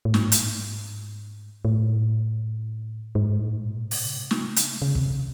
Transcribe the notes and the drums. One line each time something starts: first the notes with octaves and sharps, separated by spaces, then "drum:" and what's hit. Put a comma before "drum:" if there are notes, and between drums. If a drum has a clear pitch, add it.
A2
G#2, drum: snare
drum: hi-hat
A2
G#2
A2
A#2
C3, drum: open hi-hat
C#3
C3
C#3, drum: snare
C3
C#3, drum: hi-hat
C3
C#3
C3, drum: kick
C#3